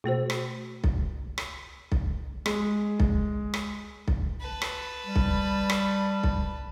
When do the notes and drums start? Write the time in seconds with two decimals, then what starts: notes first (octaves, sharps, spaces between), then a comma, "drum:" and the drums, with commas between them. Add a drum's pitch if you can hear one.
0.04 B2 A3 F#4 C5
0.30 drum: rim click
0.84 drum: kick B1
1.38 drum: rim click
1.92 drum: kick B1
2.46 G#3, drum: rim click
3.00 drum: kick B1
3.54 drum: rim click
4.08 drum: kick B1
4.40 B4 A5
4.62 drum: rim click
5.06 G3
5.16 drum: kick B1
5.70 drum: rim click
6.24 drum: kick B1